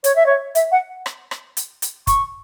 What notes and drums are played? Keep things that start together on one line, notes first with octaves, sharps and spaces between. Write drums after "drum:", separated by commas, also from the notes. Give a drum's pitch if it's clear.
C#5, drum: hi-hat
E5
C#5
E5, drum: hi-hat
F#5
drum: rim click
drum: rim click
drum: hi-hat
drum: hi-hat
C#6, drum: kick, hi-hat